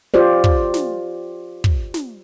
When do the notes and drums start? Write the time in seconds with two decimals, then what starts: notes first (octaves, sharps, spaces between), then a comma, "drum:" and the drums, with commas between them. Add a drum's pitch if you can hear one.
0.14 F4 G4 C5 D5
0.44 drum: kick
0.74 drum: snare
1.64 drum: kick
1.94 drum: snare